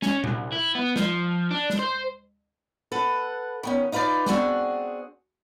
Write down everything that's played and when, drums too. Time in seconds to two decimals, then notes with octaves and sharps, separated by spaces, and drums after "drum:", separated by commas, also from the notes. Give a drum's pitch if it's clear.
0.02 C#4, drum: snare
0.24 C2, drum: tom A#2
0.53 E4
0.75 B3
0.96 F3, drum: snare
1.51 D4
1.70 drum: snare
1.79 C5
2.92 A4 B4 F#5
3.63 D#3 B3 C#4
3.92 D#4 F4 B4 C5 D5
4.26 B3 C4 D4 F#4 G#4, drum: snare